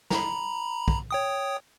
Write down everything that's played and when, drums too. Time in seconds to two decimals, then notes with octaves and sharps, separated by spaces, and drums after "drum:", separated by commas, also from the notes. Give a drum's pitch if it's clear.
0.11 A#5 B5, drum: snare E4
0.88 drum: kick
1.11 C#5 G5 D#6